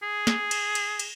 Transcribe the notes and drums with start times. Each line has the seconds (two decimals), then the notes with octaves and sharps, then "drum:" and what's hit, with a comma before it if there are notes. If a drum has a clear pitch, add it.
0.03 G#4
0.27 drum: snare
0.51 drum: cymbal
0.75 drum: cymbal
0.99 drum: cymbal